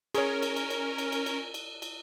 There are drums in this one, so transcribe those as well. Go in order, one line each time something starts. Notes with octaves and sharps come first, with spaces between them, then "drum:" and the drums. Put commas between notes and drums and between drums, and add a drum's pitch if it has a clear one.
C#4 G#4 A#4 C#5, drum: cymbal
drum: cymbal
drum: cymbal
drum: cymbal
drum: cymbal
drum: cymbal
drum: cymbal
drum: cymbal
drum: cymbal